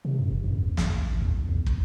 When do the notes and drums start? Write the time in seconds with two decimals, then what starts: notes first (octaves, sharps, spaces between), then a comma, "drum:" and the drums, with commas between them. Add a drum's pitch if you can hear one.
0.05 C3
0.19 F#2
0.31 F#1
0.44 F#2
0.58 D#2
0.77 A1, drum: snare
0.90 D2
1.06 A1
1.22 E2
1.36 A#1
1.49 E2
1.66 B1, drum: kick